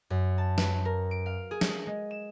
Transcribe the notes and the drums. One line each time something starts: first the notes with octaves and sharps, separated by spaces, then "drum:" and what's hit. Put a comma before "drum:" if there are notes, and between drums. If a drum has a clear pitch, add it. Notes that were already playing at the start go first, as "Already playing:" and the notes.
F#2
A5
B4, drum: snare
A#4
D7
F5
G#4
drum: snare
G#3
E7